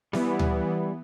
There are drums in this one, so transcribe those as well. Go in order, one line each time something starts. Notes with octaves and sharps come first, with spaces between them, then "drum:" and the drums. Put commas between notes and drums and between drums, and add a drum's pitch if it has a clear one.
E3 G3 B3 E4, drum: snare B3
drum: tom D2